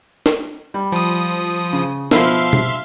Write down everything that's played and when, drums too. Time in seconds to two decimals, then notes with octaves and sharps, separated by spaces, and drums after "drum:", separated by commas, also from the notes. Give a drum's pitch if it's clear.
0.26 drum: snare
0.74 G3
0.92 F3 D#6
1.73 C#3
2.11 B2 F3 E5 F5 C6, drum: snare
2.53 drum: tom B2